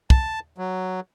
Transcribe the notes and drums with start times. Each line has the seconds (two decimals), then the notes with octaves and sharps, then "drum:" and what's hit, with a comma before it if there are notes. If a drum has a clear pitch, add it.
0.10 A5, drum: kick
0.58 F#3